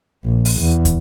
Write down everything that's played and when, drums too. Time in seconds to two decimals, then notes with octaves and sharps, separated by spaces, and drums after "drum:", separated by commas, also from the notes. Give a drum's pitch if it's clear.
0.25 A#1
0.45 drum: open hi-hat
0.60 E2
0.85 drum: kick, hi-hat